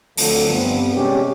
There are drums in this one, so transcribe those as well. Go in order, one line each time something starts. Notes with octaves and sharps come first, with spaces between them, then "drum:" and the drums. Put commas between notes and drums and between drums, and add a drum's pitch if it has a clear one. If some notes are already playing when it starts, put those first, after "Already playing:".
D2 D3 F3 F#3 A3 C4, drum: open hi-hat
G2 B3 C4
C3 G#3 C#4 D4 G4